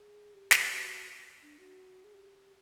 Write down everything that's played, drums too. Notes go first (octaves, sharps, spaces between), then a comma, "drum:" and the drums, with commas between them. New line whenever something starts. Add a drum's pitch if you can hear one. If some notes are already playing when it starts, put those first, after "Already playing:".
Already playing: G#4
G4
drum: snare
G4
F#4
D4
F#4
G#4
G4